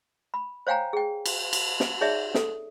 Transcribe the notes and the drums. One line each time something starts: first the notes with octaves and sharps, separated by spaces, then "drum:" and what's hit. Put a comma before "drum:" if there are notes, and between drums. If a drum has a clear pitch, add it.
B5
C5 C#5 F5 G5 G#5 A#5
G#4 G5
drum: cymbal
drum: cymbal
drum: snare
D#4 G#4 C#5 D5 E5
A4, drum: snare